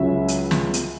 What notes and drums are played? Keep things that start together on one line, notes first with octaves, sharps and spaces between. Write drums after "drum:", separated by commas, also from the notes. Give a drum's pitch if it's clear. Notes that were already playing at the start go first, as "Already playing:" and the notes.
Already playing: C#2 C#3 F#3 E5
drum: hi-hat
drum: snare
drum: hi-hat